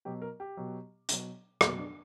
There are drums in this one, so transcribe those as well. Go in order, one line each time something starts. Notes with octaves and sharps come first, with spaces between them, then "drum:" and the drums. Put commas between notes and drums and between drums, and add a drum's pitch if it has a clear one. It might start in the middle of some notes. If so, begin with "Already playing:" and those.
B2 F#3 G4
A#4
G4
B2 F#3
B2 F#3, drum: hi-hat
B2 F#3 F#4, drum: rim click
D4